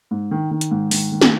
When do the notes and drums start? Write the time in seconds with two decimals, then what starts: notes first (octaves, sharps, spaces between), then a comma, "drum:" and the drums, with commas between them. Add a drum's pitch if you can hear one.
0.11 G#2
0.31 D#3
0.51 D#3
0.61 drum: hi-hat
0.71 G#2
0.91 D#3, drum: open hi-hat
1.12 D#3
1.21 drum: snare